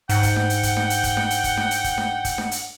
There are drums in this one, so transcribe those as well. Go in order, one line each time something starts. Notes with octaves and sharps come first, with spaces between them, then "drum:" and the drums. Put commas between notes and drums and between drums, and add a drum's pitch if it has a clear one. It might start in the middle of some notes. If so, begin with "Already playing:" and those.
G#2 F#5 G5, drum: hi-hat
drum: kick, hi-hat
drum: snare D4
drum: hi-hat
drum: kick, hi-hat
drum: snare D4
drum: hi-hat
drum: kick, hi-hat
drum: snare D4
drum: hi-hat
drum: kick, hi-hat
drum: snare D4
drum: hi-hat
drum: kick, hi-hat
drum: snare D4
drum: kick, hi-hat
drum: snare D4
drum: hi-hat